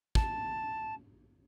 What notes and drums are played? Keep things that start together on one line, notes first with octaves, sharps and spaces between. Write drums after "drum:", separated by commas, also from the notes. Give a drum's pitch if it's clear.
A5, drum: kick